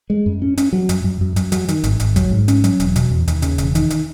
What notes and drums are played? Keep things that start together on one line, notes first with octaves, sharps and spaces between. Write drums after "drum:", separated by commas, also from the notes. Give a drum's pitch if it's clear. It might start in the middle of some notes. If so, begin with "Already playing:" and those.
G#3
F#2
C#4
C#4, drum: hi-hat
F#3
F#2, drum: hi-hat
F#2
F#2
F#2, drum: hi-hat
F#3, drum: hi-hat
D#3, drum: hi-hat
G#1, drum: hi-hat
G#1, drum: hi-hat
F#3, drum: kick G#1, hi-hat
G#2
C#4, drum: hi-hat
F#3, drum: hi-hat
E1, drum: hi-hat
B2, drum: hi-hat
E2
D#2, drum: hi-hat
C#3, drum: hi-hat
E1, drum: hi-hat
D#3, drum: hi-hat
drum: hi-hat